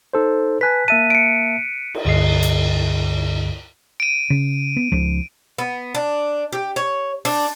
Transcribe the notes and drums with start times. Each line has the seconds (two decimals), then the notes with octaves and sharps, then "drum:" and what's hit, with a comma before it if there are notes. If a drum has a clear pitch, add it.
0.13 D#4 A4 C5
0.61 B4 G#5 A5 F#6 B6
0.88 A#3 E5 A5 D#7
1.10 C#7 D7
1.95 drum: cymbal
2.05 C#2 G2 D3 G#4 D#5 C7
2.43 drum: hi-hat
4.00 D7 D#7
4.30 C#3
4.76 B3
4.92 C#2 F3
5.58 B3
5.95 D4
6.53 G4
6.76 C#5
7.25 D4, drum: open hi-hat